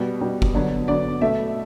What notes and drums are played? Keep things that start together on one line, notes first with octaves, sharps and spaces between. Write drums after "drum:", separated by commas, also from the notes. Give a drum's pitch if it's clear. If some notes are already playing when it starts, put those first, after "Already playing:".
Already playing: B2 G3 B3
B2 G3 B3
drum: kick F#1
D3 F#3 B3
D3 F#3 B3 D5
B2 A3 E5